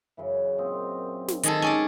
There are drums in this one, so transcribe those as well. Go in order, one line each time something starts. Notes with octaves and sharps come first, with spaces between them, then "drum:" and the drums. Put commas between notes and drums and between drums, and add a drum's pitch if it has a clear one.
F#2 C#3 E3
A#2 C4 D#5
drum: snare
D#3 G#3 G#4 A4, drum: hi-hat
C#4 G#4 D5